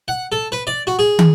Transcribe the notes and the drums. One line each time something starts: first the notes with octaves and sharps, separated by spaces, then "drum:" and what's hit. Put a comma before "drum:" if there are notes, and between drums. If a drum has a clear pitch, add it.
F#5
A4
B4
D5
F#4
G#4
drum: tom